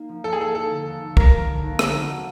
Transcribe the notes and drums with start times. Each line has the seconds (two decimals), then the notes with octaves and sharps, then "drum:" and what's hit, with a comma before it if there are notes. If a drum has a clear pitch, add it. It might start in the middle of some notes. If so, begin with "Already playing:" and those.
Already playing: A#3 D#4
0.09 F3
0.24 F3 A4
0.33 G#4
0.39 D#4 A4
0.55 F3 A4
0.71 D3
0.86 D#2
1.02 D#2
1.17 F3 A#4, drum: kick
1.32 D#2
1.47 D3
1.63 D#2
1.79 D3, drum: rim click
1.94 F#3
2.09 D3